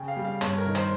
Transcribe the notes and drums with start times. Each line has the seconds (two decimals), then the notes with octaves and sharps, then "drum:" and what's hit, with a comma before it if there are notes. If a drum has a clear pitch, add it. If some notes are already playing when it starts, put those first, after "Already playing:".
Already playing: C#3 G5
0.08 F5
0.17 G3
0.25 F5
0.41 G2 C#5, drum: hi-hat
0.58 A#4
0.66 D#3
0.75 C5, drum: hi-hat